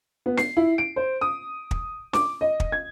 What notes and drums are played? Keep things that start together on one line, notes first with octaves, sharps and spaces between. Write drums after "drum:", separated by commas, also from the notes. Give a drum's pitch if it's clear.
B3
C7, drum: snare
E4
D7
C5
D#6
drum: kick
D6, drum: snare
D#5
drum: kick
G#6